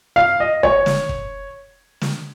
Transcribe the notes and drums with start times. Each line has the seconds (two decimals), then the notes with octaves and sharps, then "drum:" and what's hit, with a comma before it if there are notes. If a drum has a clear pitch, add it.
0.16 F5
0.40 D#5
0.63 C#5, drum: kick
0.86 drum: snare
1.09 drum: kick
2.01 drum: snare